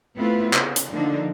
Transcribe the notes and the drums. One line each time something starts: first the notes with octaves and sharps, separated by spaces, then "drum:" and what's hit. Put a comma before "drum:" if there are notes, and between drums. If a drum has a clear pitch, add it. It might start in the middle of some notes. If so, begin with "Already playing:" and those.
A3 B3 C4 E4 F4 B4
C#3, drum: clap
drum: hi-hat
D3 F3 A#3 D4 D#4